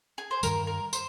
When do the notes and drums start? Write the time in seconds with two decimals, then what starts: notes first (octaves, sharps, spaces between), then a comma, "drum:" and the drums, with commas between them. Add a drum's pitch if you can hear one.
0.18 G#4
0.31 C5
0.43 G2 D#3 G3 A#4, drum: tambourine
0.67 A#4
0.93 C5, drum: tambourine